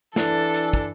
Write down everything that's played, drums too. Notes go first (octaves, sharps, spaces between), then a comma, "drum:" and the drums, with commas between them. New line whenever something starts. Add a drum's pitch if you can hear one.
E3 D4 A4, drum: snare
drum: hi-hat
drum: kick